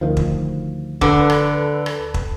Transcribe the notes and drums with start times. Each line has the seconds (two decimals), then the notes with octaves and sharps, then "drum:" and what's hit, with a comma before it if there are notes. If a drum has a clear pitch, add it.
0.01 D2 D#3 F3
0.17 drum: kick
1.01 D3 A4 B4, drum: kick
1.30 drum: rim click
1.86 drum: rim click
2.14 drum: kick